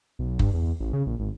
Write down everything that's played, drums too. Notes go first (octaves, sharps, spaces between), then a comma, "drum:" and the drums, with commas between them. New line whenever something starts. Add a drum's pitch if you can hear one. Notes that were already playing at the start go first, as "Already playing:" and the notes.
B1
G2, drum: kick F#1
E2
A1
C#3
A#1
G#1